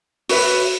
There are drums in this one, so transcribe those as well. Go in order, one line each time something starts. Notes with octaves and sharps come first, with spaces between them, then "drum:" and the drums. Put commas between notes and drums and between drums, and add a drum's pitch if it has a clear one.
F#4 B4 E5, drum: open hi-hat